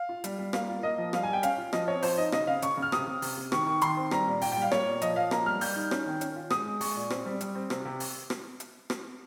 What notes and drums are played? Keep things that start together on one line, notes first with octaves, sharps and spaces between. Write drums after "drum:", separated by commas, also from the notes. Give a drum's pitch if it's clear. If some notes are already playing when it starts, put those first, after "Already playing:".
Already playing: F5
F4
G3, drum: hi-hat
G3
A#3 F5, drum: rim click
F4
A#3 D#5
F3
G3 F5, drum: rim click
G#5
G3 G5
C#4 F5, drum: hi-hat
F4
F3 D#5, drum: rim click
C4 C#5
F3 C5, drum: open hi-hat
D#4 D#5
C#3 D#5, drum: rim click
C#3 F5
C#3 C#6, drum: hi-hat
C#3
F6
C3 D#6, drum: rim click
C3
C3, drum: open hi-hat
C3
D#3 C#6, drum: rim click
D#3 C#6
D#3 C6, drum: hi-hat
C4
G3 A#5, drum: rim click
A#2
A#2 G5, drum: open hi-hat
G3 G5
F5
A#3 C#5, drum: rim click
A#2
F3 D#5, drum: hi-hat
F3 F5
A#3 A#5, drum: rim click
G3 F6
G3 G6, drum: open hi-hat
D#4
C#4, drum: rim click
D#3
C#4, drum: hi-hat
F4
G#3 D#6, drum: rim click
G#3
G#3 C#6, drum: open hi-hat
A#2
C4, drum: rim click
G3
G3, drum: hi-hat
C4
C3, drum: rim click
C3
drum: open hi-hat
drum: rim click
drum: hi-hat
drum: rim click